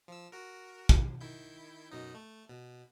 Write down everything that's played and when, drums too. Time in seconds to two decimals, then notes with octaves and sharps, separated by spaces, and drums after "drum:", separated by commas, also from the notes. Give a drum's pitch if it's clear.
0.08 F3 E6
0.32 F#4 A#4
0.89 drum: kick
1.21 D#3 E4 G6
1.92 F#2 B2 D#4
2.14 A3
2.49 B2